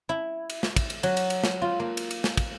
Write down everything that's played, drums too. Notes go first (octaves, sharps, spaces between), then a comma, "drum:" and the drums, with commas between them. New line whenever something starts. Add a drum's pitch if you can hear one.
E4
drum: cymbal
drum: snare
drum: kick, cymbal
drum: cymbal
F#3, drum: cymbal
drum: cymbal
drum: cymbal
drum: snare
F4
A#3
drum: cymbal
drum: cymbal
drum: snare
drum: kick, cymbal